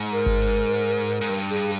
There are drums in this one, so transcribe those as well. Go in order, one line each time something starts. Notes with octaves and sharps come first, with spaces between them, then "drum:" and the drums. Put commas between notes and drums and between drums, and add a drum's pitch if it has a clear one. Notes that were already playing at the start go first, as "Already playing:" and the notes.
Already playing: G#2
A#4
drum: kick G1
drum: hi-hat
G#2
G2
G#4
drum: hi-hat